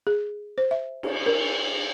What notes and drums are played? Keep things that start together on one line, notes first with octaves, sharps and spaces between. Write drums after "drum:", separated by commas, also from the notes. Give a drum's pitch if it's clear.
G#4
C5
E5
drum: cymbal
A#4